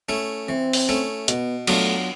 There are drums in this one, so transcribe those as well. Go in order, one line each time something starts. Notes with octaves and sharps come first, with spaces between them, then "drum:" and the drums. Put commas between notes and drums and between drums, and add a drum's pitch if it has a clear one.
A3 C#4 E4
E3 C4
drum: open hi-hat
A3 C#4 E4
B2 B3, drum: hi-hat
F#3 A3 B3 D4 F4, drum: cymbal